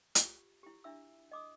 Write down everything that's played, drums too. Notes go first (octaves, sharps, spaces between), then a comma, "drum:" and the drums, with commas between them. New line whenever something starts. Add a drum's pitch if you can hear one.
F4 G4, drum: hi-hat
E4 G4
D4 E4 E5 E6
D#5 D6 D#6